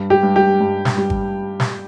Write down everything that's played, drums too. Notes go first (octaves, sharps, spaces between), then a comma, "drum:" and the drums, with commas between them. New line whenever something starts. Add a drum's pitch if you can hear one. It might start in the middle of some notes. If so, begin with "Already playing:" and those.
Already playing: G2
G4
G2
G4
G2
drum: snare
G3
drum: kick G#1
drum: snare